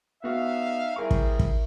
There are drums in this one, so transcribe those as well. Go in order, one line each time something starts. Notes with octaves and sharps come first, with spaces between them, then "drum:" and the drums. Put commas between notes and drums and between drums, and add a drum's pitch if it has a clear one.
B3 D#4 F#4 E5 F5
G3 C4 E4 G#4 A#4 C#6
drum: kick
drum: kick